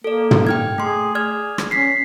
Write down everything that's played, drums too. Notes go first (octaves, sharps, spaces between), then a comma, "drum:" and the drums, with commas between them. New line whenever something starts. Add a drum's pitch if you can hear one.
A#3 A4 D5
drum: tom
G5 F6 G#6
A3 G#4 C6
G#4 D5 F6 G#6
drum: rim click
C#4 B6 C7